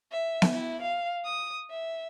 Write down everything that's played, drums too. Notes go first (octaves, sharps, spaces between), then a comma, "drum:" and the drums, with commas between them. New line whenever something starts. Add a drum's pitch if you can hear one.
E5
drum: snare B3
E4
F5
D#6
E5